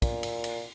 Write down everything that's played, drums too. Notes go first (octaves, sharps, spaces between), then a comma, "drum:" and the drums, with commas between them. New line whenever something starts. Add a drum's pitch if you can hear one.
A#2, drum: kick, cymbal
drum: cymbal
drum: cymbal